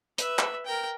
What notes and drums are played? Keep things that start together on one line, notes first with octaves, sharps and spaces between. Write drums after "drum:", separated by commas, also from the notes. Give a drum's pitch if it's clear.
B4 E5, drum: hi-hat
drum: clap
A#4 G5